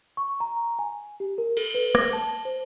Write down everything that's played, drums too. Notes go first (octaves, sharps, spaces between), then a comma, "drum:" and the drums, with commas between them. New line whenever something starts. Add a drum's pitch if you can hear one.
C#6
A#5
G#5
G4
A#4
A4, drum: cymbal
B4
A#6, drum: rim click
A5
C5